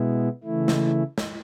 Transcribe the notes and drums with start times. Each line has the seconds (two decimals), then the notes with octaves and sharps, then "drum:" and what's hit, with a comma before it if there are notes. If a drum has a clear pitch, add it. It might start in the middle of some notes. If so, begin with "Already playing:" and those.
Already playing: B2 G#3 B3 E4
0.44 C#3 E3 A3 E4
0.68 drum: snare
1.18 drum: snare